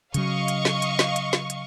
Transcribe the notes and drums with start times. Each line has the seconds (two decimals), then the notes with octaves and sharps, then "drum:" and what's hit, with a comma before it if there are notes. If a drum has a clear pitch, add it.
0.14 C#3 F#3 D#5 F5 C#6, drum: hi-hat
0.48 drum: hi-hat
0.65 drum: snare
0.82 drum: hi-hat
0.99 drum: snare
1.16 drum: hi-hat
1.33 drum: snare
1.50 drum: hi-hat